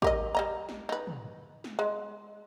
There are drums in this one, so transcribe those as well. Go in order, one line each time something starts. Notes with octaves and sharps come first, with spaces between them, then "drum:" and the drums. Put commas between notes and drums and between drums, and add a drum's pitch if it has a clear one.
G4 A#4 D#5, drum: kick
G3 D#5 A#5
drum: snare
D#4 B4
drum: tom
drum: snare
G#3